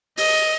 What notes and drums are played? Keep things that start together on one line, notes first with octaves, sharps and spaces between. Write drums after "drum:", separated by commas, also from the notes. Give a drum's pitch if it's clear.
D#5, drum: open hi-hat